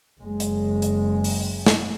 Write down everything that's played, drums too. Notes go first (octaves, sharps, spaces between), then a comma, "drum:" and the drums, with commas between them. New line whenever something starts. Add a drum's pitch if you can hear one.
F#1 G#3
drum: hi-hat
drum: hi-hat
drum: open hi-hat
drum: snare